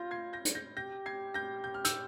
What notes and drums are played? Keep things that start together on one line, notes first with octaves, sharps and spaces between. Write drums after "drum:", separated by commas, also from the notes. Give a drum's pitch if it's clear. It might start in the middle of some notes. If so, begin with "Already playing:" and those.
Already playing: F4 G6 A#6
G#6 C7
G6 A#6
drum: hi-hat
G6 A#6
G4 G6 A#6
G#6 C7
G6 A#6
G6
F6
E6 G6, drum: hi-hat